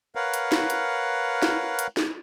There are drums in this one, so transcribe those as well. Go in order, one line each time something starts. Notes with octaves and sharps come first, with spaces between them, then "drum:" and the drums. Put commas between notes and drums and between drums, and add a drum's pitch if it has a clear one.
A#4 B4 C#5 F5 F#5
drum: hi-hat
drum: snare
drum: hi-hat
drum: snare
drum: hi-hat
drum: snare